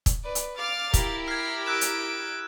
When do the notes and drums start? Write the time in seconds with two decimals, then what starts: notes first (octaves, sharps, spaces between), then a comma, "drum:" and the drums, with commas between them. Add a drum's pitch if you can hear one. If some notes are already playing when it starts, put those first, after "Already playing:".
0.06 drum: kick, hi-hat
0.25 B4 D5
0.35 drum: hi-hat
0.57 F5 D6 F6 A6
0.94 E4 G4 A#4, drum: kick, hi-hat
1.28 F6 G#6 C7
1.66 E6 F#6 D7 E7
1.81 drum: hi-hat